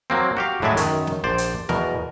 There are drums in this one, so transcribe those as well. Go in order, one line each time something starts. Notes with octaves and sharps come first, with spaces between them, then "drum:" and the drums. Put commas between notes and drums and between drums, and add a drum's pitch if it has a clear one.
F#3 A#3 C4
F#4 G4 F5
A2 F#3 G#3 D5 E5 G#5
F#2 D#3, drum: hi-hat
drum: snare
A#1 C5 D5
drum: hi-hat
E2 B2 A#4, drum: snare